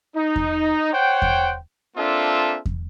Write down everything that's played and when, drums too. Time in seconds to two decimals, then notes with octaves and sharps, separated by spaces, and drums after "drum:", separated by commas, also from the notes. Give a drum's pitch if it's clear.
0.16 D#4
0.36 drum: kick E2
0.93 C5 C#5 F#5 G5
1.22 drum: kick E2
1.97 A#3 C4 D4 F4 A4 E5
2.65 drum: kick E2